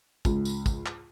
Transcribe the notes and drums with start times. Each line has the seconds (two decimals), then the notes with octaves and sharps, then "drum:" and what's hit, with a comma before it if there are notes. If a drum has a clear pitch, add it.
0.25 C#2, drum: kick, tambourine
0.45 drum: tambourine
0.66 drum: kick, tambourine
0.86 drum: clap